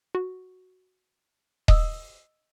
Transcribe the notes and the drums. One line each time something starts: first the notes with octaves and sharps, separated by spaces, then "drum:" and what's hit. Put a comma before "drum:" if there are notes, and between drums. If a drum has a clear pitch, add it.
F#4
D#5 D#6 E6, drum: kick D#1